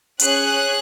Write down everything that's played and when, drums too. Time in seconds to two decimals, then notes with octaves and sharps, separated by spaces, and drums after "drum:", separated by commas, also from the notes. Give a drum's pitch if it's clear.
0.19 C#4 G#4 F#6, drum: hi-hat